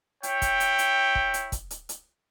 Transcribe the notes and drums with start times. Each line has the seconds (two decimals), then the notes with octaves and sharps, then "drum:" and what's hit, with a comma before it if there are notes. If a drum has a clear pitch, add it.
0.23 E4 C#5 G5, drum: hi-hat
0.42 drum: kick, hi-hat
0.60 drum: hi-hat
0.78 drum: hi-hat
1.15 drum: kick
1.34 drum: hi-hat
1.52 drum: kick, hi-hat
1.71 drum: hi-hat
1.89 drum: hi-hat